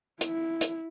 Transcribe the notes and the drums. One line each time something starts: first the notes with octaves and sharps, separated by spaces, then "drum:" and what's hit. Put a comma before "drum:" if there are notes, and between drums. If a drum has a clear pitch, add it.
E4, drum: hi-hat
drum: hi-hat